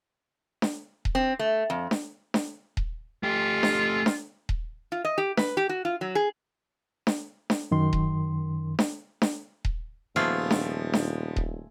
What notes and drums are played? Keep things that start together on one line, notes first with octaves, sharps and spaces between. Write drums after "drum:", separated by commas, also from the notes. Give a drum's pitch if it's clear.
drum: snare D4
drum: kick D#1
C4
A3
F2
drum: snare D4
drum: snare D4
drum: kick D#1
A3 F4 G4
drum: snare D4
drum: snare D4
drum: kick D#1
F4
D#5
G4
B4, drum: snare D4
G4
F#4
F4
F#3
G#4
drum: snare D4
drum: snare D4
F#2 D#3 C6
drum: kick D#1
drum: snare D4
drum: snare D4
drum: kick D#1
D#1 F3 A3 B3 F4 G#4
drum: snare D4
drum: snare D4
drum: kick D#1